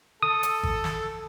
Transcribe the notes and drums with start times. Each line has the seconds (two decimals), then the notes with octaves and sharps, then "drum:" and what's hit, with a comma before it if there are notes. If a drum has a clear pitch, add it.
0.23 A4 D#6
0.43 drum: hi-hat
0.63 drum: kick G#1
0.84 drum: snare